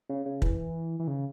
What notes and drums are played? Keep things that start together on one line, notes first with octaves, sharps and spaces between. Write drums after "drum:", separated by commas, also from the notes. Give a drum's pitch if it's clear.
C#3
C#3
E3, drum: kick
E3
C#3